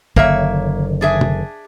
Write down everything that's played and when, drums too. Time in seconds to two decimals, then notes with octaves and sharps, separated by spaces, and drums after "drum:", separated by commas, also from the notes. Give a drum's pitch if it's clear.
0.16 F#1 D3 D#3 A#3 C#5 E5, drum: kick
1.01 D4 G#4 E5
1.21 drum: tom